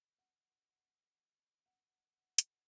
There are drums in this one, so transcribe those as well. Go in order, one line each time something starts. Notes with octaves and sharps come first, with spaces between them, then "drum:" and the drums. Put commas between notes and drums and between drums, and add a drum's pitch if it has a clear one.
F#5
F#5
drum: hi-hat